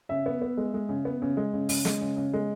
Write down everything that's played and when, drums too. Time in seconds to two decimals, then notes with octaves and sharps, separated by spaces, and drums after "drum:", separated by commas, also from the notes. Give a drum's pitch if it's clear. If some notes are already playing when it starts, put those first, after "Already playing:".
0.09 C#3 E5
0.26 B3
0.42 B3
0.57 G#3
0.74 G#3
0.89 C#3
1.05 B3
1.22 C#3
1.37 G#3
1.53 C#3
1.69 C#3, drum: open hi-hat
1.85 G#3, drum: snare
2.01 C#3
2.17 C#3
2.33 G#3